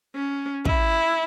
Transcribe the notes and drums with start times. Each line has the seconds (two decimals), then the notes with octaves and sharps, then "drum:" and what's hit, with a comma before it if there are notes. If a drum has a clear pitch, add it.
0.15 C#4
0.65 E4, drum: kick